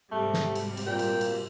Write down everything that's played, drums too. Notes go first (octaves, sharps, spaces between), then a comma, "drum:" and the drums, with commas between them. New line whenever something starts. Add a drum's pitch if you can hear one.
G#2 C3 G3 A3
drum: snare
drum: cymbal
drum: cymbal
A#2 G5
drum: cymbal
drum: cymbal